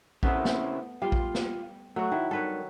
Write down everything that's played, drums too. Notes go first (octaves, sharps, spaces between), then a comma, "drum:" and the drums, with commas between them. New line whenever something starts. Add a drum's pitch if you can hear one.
C#3 A3 B3 C4 E4 B4, drum: kick A#1
drum: snare
G3 F4 F5
drum: kick A#1
drum: snare
F#3 A3 F#4
D#3 E4
G2 D#3 A4 B4 C#5